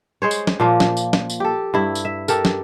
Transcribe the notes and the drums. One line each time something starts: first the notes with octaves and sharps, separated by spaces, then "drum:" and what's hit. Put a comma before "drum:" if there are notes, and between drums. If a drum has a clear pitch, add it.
G#3 C5 C#5
drum: tambourine
drum: snare
A#2 F3 A#3
drum: snare
drum: tambourine
drum: snare
drum: tambourine
G4 A4
G2 E4
drum: tambourine
E5
G4 A4 A#4, drum: tambourine
drum: snare